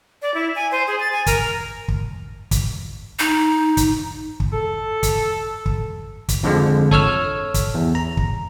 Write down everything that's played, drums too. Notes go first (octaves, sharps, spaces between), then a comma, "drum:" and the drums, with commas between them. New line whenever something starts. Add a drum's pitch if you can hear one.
D5
E4
G#5
C5
G#4
A6
G#5
A#4, drum: kick, hi-hat
drum: kick
drum: kick, hi-hat
D#4
drum: kick, hi-hat
drum: kick
A4
drum: kick, hi-hat
drum: kick
drum: kick, hi-hat
F2 D3 F3 G#3
A4 C#5 E6 F6, drum: kick
drum: kick, hi-hat
E2
A#5
drum: kick